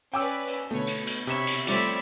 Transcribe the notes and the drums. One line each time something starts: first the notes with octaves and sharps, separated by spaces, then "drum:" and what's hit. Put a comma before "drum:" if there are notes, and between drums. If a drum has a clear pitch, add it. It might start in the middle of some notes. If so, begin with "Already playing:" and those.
C#4 B4 D5 G5 G#5 D6 E6
drum: cymbal
B2 D3 A3 B4 C#5
drum: cymbal
drum: cymbal
C3 C#5 E5 B5 E7
drum: cymbal
F3 G3 A3 C4 C#5 D5 E5 B5, drum: cymbal